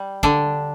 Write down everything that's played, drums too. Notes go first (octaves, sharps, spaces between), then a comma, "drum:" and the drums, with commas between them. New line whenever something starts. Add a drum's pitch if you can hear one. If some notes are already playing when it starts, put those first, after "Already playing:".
Already playing: G3
D3 D4, drum: kick